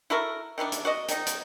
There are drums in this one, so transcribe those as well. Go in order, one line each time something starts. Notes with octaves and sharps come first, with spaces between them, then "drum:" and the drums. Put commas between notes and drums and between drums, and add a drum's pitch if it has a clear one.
E4 F#4 A4 A#4
D#3 E3 B3 D4
drum: hi-hat
F#4 D5 D#5
D#3 D#4, drum: hi-hat
drum: hi-hat